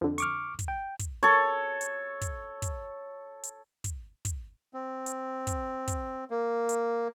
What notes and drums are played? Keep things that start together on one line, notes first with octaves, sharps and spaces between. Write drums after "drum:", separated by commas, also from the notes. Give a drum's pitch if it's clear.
F2 D3
C#6 D6 F6, drum: hi-hat
drum: kick, hi-hat
G5
drum: kick, hi-hat
A4 C#5
drum: hi-hat
drum: kick, hi-hat
drum: kick, hi-hat
drum: hi-hat
drum: kick, hi-hat
drum: kick, hi-hat
C4
drum: hi-hat
drum: kick, hi-hat
drum: kick, hi-hat
A#3
drum: hi-hat